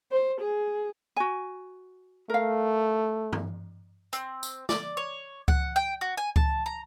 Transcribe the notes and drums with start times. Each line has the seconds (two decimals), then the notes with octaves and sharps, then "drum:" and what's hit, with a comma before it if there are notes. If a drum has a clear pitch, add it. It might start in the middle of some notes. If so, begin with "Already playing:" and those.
0.12 C5
0.41 G#4
1.16 F#4 G#5
2.30 A3 A#4 F5
3.33 drum: tom G2
4.13 C4, drum: hi-hat
4.43 drum: tambourine
4.69 D5, drum: snare
4.97 C#5
5.48 F#5, drum: kick C#2
5.76 G5
6.01 F#4
6.17 G#5
6.36 A5, drum: kick C#2
6.66 A#5